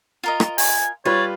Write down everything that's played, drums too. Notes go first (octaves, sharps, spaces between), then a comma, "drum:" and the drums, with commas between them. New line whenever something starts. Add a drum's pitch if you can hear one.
F4 A#4 D#5
drum: rim click
G#5, drum: open hi-hat
G3 F4 B4 C#5 D5